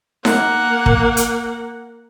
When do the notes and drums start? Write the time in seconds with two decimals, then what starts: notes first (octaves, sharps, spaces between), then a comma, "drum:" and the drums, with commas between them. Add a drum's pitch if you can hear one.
0.25 A#3 F#5, drum: snare D#4
0.86 drum: kick
1.17 drum: hi-hat